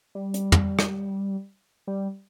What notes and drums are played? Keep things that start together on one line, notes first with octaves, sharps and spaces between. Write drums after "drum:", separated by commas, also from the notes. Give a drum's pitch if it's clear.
G3
drum: hi-hat
drum: tom
drum: rim click
G3